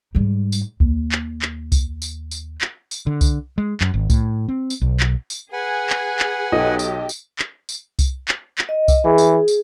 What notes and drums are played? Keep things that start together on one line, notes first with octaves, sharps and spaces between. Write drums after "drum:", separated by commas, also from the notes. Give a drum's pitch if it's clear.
G#2 G3
drum: tambourine
D#2, drum: kick C2
drum: clap
drum: clap
drum: kick C2, tambourine
drum: tambourine
drum: tambourine
drum: clap
drum: tambourine
D3
drum: kick C2, tambourine
G#3
F#2, drum: clap
G#1
A2, drum: kick C2, tambourine
C4
drum: tambourine
B1
drum: clap
drum: tambourine
G#4 B4 F#5 G#5
drum: clap
drum: clap
B1 G4 A4 D#5
drum: tambourine
drum: tambourine
drum: clap
drum: tambourine
drum: kick C2, tambourine
drum: clap
drum: clap
D#5
drum: kick C2, tambourine
E3 G#4
drum: tambourine
drum: tambourine